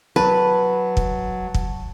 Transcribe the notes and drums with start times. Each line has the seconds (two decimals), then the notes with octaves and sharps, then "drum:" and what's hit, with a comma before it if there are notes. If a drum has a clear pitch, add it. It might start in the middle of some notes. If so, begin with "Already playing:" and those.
0.16 F#3 B4 A5
0.97 drum: kick
1.54 drum: kick